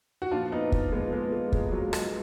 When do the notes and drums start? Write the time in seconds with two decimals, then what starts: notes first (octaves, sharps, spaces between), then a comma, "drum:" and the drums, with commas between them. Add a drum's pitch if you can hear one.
0.22 F#4
0.31 A#2 F3 D4 F4
0.52 B3 D#4
0.72 drum: kick
0.92 A#2 F3 G#3 B3
1.12 G#3 B3
1.32 G#3
1.52 A#2 F3 G#3, drum: kick
1.72 F#3
1.93 G#3, drum: rim click